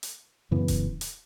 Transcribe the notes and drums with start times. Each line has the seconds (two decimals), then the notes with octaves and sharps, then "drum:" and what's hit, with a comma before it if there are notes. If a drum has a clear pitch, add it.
0.03 drum: hi-hat
0.51 F#2 C#3 E3 B3
0.68 drum: kick D#1, hi-hat
1.01 drum: hi-hat